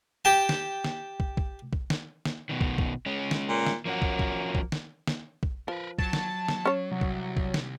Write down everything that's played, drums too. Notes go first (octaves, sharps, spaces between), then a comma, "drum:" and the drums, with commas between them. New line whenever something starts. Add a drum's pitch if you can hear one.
G4 G5 A5
drum: snare
drum: snare
drum: kick
drum: kick
drum: kick
drum: snare
drum: snare
B2 D#3
drum: kick
drum: kick
G#3 C#4
drum: snare
A#2
drum: snare
F3 A#3 C#4 F#4
drum: kick
drum: kick
drum: kick
drum: snare
drum: snare
drum: kick
F3 A#4 B4
F#3 A5, drum: kick
drum: snare
drum: snare
C#4 C#5
C2 F#3
drum: kick
drum: kick
drum: snare